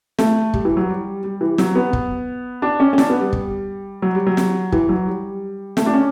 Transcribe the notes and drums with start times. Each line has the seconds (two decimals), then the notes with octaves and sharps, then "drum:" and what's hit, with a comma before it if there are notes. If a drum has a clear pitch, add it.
0.19 A3, drum: snare
0.54 G3, drum: kick
0.65 E3
0.77 F#3
0.89 G3
1.24 G3
1.41 E3
1.58 F#3, drum: snare
1.75 B3
1.93 drum: kick
2.62 D4
2.80 C#4
2.93 C#4
2.98 D4, drum: snare
3.10 B3
3.21 G3
3.33 drum: kick
4.02 F#3
4.15 G3
4.27 F#3
4.37 drum: snare
4.72 E3, drum: kick
4.89 F#3
5.07 G3
5.77 A3, drum: snare
5.86 D4
5.94 C#4